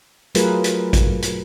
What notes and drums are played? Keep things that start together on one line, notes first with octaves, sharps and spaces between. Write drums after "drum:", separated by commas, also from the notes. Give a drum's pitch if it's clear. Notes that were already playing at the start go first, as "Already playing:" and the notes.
F#3 A3 F4 G#4 A#4 B4, drum: hi-hat
drum: hi-hat
drum: kick A1, hi-hat
drum: hi-hat